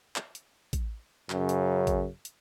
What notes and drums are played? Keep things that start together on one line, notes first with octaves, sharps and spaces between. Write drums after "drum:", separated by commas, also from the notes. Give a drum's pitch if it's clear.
drum: clap
drum: hi-hat
drum: kick A1, hi-hat
F#2 C#3, drum: clap
drum: hi-hat
drum: kick A1, hi-hat
drum: hi-hat